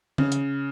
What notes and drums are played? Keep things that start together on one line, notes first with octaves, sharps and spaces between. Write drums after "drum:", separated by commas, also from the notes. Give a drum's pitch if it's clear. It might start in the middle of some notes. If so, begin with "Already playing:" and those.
C#3, drum: tom C#3
drum: hi-hat